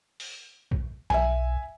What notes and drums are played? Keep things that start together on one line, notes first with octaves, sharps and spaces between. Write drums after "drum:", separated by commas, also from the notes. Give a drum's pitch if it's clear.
drum: open hi-hat
drum: kick A#1
B1 E5 G#5, drum: snare F#3